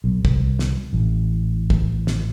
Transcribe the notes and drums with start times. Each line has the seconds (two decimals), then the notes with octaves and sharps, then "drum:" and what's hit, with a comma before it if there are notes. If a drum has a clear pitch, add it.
0.04 B1
0.25 C2, drum: kick
0.59 drum: snare
0.93 A1
1.70 drum: kick
2.07 drum: snare